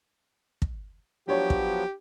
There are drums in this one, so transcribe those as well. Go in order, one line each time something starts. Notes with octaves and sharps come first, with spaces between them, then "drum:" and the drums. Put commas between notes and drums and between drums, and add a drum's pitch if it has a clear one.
drum: kick
F3 F#3 B3 D4 G4 C#5
drum: kick